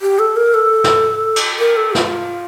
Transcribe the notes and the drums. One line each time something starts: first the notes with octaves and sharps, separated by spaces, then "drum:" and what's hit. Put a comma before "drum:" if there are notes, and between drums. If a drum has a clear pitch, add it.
G4
A4
A#4
A4
drum: snare
drum: cymbal
A#4
A4
F4, drum: snare